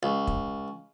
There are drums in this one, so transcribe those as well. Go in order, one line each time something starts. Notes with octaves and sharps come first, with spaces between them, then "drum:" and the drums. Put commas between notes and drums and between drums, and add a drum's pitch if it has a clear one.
C#2
drum: kick